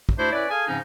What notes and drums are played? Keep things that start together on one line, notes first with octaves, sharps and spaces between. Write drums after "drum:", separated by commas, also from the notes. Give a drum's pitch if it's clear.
drum: kick
A3 D4 E4 F#4 C5
C#4 E4 B4 C#5 D5
G#4 A4 F5 G#5
G#2 C#3 F3 C4 C#4 D#4